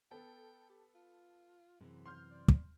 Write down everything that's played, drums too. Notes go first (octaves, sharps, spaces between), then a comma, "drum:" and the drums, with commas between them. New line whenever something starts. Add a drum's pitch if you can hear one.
B3 A4 G5
G4
F4
F#2 C3 E3 G#4
C6 F6 G6
D5
drum: kick